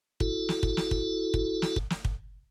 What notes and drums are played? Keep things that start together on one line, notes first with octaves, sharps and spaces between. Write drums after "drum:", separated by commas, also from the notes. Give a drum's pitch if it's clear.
E4 F#4 A4, drum: kick
drum: snare
drum: kick
drum: snare
drum: kick
drum: kick
drum: snare
drum: kick
drum: snare
drum: kick